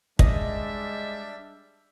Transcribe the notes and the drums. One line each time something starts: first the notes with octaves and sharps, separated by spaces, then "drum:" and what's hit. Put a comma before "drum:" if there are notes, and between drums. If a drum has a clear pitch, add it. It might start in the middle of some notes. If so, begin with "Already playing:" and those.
G3 G#3 D4 D#5 E5, drum: kick